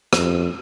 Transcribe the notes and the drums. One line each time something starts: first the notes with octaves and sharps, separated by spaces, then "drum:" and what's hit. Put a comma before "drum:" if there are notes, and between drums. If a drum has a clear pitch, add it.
F2, drum: rim click